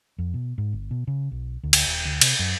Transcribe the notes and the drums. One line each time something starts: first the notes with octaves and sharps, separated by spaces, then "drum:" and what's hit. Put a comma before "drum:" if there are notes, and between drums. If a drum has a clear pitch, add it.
F2
B2
G#2
G1
B2
C#3
B1
D2
drum: cymbal
D#1
D2
C3, drum: cymbal
F#2